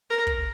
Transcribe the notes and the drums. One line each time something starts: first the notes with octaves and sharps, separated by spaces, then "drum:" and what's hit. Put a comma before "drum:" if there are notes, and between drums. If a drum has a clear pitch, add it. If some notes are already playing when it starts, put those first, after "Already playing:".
A#4
drum: kick